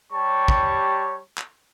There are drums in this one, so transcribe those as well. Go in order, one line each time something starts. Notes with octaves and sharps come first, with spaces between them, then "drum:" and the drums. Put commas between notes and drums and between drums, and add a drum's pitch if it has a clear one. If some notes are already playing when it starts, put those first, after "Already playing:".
G3 G4 C#5 A5 C#6
drum: kick
drum: clap